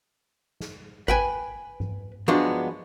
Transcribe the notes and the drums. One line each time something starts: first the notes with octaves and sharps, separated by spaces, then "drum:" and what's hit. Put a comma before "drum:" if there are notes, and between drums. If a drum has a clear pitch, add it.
drum: snare
B4 G5 G#5, drum: kick G#1
drum: tom G2
F3 F#3 G#3 B3 D4